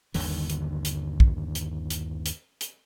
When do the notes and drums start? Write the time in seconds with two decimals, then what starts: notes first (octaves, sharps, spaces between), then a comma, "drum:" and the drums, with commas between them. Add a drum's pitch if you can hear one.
0.14 G1 D#2 D3 D#3, drum: open hi-hat
0.50 drum: hi-hat
0.85 drum: hi-hat
1.20 drum: kick
1.55 drum: hi-hat
1.90 drum: hi-hat
2.26 drum: hi-hat
2.61 drum: hi-hat